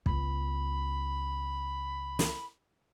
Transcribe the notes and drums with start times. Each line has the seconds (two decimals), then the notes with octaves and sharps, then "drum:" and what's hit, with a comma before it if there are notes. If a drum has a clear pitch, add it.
0.06 C#2 B3 B5, drum: kick
2.19 drum: snare